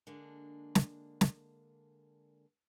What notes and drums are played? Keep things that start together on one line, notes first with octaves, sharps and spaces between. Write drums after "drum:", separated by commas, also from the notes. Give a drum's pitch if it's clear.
D3 G#3 A#3 D4
drum: snare
drum: snare